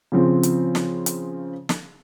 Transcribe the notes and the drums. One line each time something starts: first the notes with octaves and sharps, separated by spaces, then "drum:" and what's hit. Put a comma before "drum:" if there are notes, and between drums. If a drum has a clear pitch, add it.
C#3 F3 C4
drum: hi-hat
drum: snare
drum: hi-hat
drum: snare